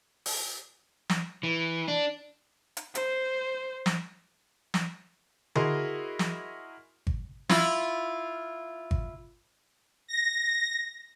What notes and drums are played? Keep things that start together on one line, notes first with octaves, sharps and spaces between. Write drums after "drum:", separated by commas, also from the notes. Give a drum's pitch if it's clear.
drum: open hi-hat
drum: snare
E3
D4
drum: hi-hat
C5, drum: hi-hat
drum: snare
drum: snare
E4 F#4 G#4 A#4 D#5 C6, drum: tom D3
drum: snare
drum: kick G#1
E4 F4, drum: snare
drum: kick G#1
A#6